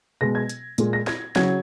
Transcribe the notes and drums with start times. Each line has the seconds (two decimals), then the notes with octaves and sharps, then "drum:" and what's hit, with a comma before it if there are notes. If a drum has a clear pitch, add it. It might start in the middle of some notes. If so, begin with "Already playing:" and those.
0.21 B2 G#3 A#6
0.35 G#6
0.49 drum: hi-hat
0.78 A#2 G#3, drum: hi-hat
0.93 A#6
1.07 G#6, drum: snare
1.36 C#3 F#3 G#6, drum: snare